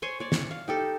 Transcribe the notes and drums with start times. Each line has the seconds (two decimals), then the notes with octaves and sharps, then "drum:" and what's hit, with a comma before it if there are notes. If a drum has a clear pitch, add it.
0.02 C5 C#5 G#5 C6
0.20 C#5 D5
0.32 drum: snare
0.51 F5
0.68 D#4 G4 A4